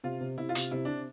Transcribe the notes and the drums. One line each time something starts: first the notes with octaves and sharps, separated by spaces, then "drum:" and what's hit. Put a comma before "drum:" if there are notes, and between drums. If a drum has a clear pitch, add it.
C3 F4
C3
C3 E4
F4
C3, drum: hi-hat
C3 E4
C3 D4